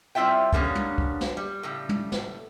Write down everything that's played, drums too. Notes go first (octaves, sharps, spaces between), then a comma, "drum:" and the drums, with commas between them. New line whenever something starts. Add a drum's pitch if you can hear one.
G3 C4 E4 F4 E5 G5
D3 G3 A#3 B3 C#4, drum: kick
drum: tom
drum: kick
drum: snare
G3
A2 C#3 G3
drum: tom
drum: snare